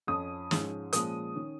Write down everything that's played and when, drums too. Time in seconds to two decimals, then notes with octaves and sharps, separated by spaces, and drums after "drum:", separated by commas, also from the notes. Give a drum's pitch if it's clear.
0.07 F2 F3 C#4 D#6
0.51 G#2 F3 G#3 C#4, drum: snare
0.93 A#2 F3 G#3 C#4 D#6, drum: hi-hat
1.35 D#3 C#4